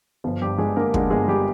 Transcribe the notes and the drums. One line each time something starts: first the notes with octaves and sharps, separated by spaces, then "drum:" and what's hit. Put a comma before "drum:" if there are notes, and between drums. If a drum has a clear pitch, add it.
G1 F3 F4
G2 G3 G4
G2 G#3 G#4
D3 A#3 A#4
D3 G#3 G#4, drum: kick
G1 G#3 G#4
G3 G4